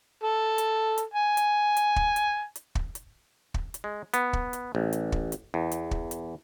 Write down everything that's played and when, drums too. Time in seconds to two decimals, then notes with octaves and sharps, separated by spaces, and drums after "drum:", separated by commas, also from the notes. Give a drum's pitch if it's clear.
0.24 A4
0.58 drum: hi-hat
0.98 drum: hi-hat
1.14 G#5
1.37 drum: hi-hat
1.77 drum: hi-hat
1.96 drum: kick
2.16 drum: hi-hat
2.56 drum: hi-hat
2.75 drum: kick
2.95 drum: hi-hat
3.54 drum: kick
3.74 drum: hi-hat
3.84 G#3
4.14 B3, drum: hi-hat
4.33 drum: kick
4.53 drum: hi-hat
4.75 A1
4.93 drum: hi-hat
5.12 drum: kick
5.32 drum: hi-hat
5.54 E2
5.72 drum: hi-hat
5.91 drum: kick
6.11 drum: hi-hat